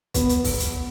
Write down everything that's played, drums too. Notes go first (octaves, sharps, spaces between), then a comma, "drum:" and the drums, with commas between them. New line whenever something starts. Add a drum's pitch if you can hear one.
B3, drum: kick, hi-hat
drum: hi-hat
drum: kick, open hi-hat
drum: hi-hat